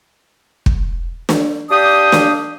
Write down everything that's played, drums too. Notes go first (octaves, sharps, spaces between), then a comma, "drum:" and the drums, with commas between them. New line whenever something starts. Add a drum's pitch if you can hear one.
drum: kick
drum: snare
D4 G4 F5 G5 D#6
drum: snare